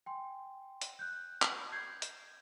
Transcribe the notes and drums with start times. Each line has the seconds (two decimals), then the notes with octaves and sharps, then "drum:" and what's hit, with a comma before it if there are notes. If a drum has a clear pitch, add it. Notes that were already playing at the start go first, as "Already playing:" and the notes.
0.06 G5 G#5 C6
0.82 drum: hi-hat
0.99 F#6 G6
1.42 drum: clap
1.72 G6 G#6 C7
2.02 drum: hi-hat